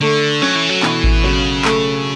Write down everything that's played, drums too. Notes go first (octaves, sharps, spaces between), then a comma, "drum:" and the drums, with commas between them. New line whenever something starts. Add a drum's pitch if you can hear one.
D3 A3
F#3 C#4
E3
F#3
B2 E3, drum: clap
drum: kick A1
C#3 F#3
A3, drum: clap